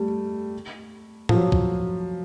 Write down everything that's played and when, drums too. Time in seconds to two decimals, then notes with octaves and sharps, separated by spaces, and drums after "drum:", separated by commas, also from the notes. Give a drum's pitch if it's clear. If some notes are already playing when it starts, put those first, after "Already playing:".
Already playing: G3 A3
1.29 F3, drum: tom A2
1.34 F#3
1.52 drum: kick